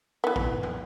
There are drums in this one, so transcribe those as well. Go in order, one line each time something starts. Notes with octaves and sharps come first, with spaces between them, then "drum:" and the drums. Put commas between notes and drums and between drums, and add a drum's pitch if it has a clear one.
E3 B3
drum: kick
drum: tom